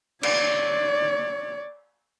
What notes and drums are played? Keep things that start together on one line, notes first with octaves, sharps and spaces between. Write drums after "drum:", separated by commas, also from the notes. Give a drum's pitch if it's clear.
C#5 D5, drum: cymbal